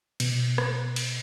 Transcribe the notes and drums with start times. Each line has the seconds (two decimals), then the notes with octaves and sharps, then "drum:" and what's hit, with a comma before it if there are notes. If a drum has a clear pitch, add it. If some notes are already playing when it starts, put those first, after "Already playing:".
0.20 B2, drum: cymbal
0.58 drum: rim click
0.96 drum: cymbal